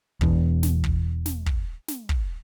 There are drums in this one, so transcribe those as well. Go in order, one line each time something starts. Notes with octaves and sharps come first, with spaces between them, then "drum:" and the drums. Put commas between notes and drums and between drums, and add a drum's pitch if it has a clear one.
E1 E2 B2 E3, drum: kick
drum: snare
drum: kick
drum: snare
drum: kick
drum: snare
drum: kick